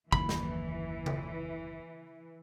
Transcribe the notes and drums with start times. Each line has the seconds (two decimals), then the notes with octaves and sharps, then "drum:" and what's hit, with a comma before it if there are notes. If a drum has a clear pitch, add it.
0.12 F#1 D#2 E3 A#3 B5, drum: kick
0.29 drum: snare
1.06 drum: tom C#3